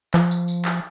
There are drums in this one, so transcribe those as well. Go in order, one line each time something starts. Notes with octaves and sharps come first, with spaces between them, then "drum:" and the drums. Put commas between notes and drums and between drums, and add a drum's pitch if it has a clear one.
F3, drum: clap
drum: tambourine
drum: tambourine
drum: clap